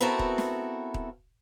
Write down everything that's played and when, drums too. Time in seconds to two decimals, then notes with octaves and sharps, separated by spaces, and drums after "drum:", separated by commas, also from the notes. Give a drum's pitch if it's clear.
0.01 B3 C4 E4 F#4 A4 A#4
0.19 drum: kick D#1
0.38 drum: snare
0.94 drum: kick D#1